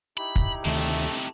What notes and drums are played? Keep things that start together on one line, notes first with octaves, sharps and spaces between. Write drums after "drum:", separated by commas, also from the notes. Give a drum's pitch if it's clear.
D#4 E4 G4 B5
drum: kick
D2 A2 C3 D#3 A3 C4